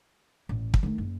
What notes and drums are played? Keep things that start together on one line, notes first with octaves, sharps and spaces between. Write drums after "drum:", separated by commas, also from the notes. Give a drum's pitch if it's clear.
A1
drum: kick
D#3 A3
F#1